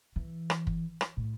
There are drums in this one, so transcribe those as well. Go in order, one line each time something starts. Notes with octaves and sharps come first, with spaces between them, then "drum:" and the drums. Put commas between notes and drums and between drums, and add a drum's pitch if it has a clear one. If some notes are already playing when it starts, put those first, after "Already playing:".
E3
drum: rim click
drum: kick
drum: rim click
A2